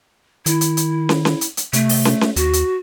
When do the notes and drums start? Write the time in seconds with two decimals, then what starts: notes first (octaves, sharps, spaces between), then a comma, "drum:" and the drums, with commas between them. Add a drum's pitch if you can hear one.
0.46 D#3 E4, drum: hi-hat
0.61 drum: hi-hat
0.77 drum: hi-hat
1.09 drum: snare
1.25 drum: snare
1.41 drum: hi-hat
1.57 drum: hi-hat
1.73 C3 A3, drum: hi-hat
1.89 drum: open hi-hat
2.05 drum: snare
2.21 drum: snare
2.36 D#2 F#4, drum: hi-hat
2.53 drum: hi-hat